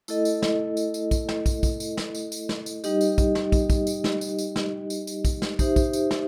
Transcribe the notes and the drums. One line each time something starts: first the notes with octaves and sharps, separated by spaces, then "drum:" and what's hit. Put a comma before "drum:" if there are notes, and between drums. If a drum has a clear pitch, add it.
A3 E4 A4 D#5, drum: tambourine
drum: tambourine
drum: snare
drum: tambourine
drum: tambourine
drum: kick, tambourine
drum: snare
drum: kick, tambourine
drum: kick, tambourine
drum: tambourine
drum: snare
drum: tambourine
drum: tambourine
drum: snare
drum: tambourine
G3 D#4 G4 D#5, drum: tambourine
drum: tambourine
drum: kick, tambourine
drum: snare
drum: kick, tambourine
drum: kick, tambourine
drum: tambourine
drum: snare
drum: tambourine
drum: tambourine
drum: snare
drum: tambourine
drum: tambourine
drum: kick, tambourine
drum: snare
D#4 G4 C5 E5, drum: kick, tambourine
drum: kick, tambourine
drum: tambourine
drum: snare